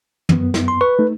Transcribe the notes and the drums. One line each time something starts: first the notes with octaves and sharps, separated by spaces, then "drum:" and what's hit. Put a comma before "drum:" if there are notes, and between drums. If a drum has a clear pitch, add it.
F#2 B3, drum: tom
drum: snare
C6
B4 C#6
A3 D#4